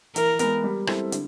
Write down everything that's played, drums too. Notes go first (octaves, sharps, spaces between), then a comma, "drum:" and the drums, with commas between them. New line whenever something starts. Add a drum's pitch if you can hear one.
E3 A#4, drum: hi-hat
G#3 B3, drum: hi-hat
G3
C4 E4 A4, drum: rim click
D3, drum: hi-hat